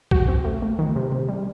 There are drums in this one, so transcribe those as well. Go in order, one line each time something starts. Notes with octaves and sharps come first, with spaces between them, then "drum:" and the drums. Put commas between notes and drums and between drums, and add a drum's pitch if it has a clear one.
F#4, drum: kick B1
C4
A3
A3
D#3
C3
C3
G3